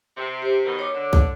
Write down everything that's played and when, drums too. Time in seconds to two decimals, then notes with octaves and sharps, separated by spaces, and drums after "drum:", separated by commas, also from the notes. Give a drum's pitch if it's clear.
0.17 C3
0.42 G4 C5
0.65 B2 D#3
0.79 C#5 D6
0.95 D3
1.13 drum: kick